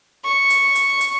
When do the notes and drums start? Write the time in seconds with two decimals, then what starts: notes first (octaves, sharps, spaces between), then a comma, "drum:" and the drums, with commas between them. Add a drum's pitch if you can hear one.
0.25 C#6
0.50 drum: hi-hat
0.75 drum: hi-hat
1.01 drum: hi-hat